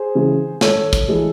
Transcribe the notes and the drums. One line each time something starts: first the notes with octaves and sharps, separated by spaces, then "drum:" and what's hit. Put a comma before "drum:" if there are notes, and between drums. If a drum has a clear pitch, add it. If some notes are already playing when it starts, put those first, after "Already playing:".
Already playing: G#4 C5
C#3 E3 G#3
G#1 A4 C#5, drum: snare
drum: kick, hi-hat
E3 G#3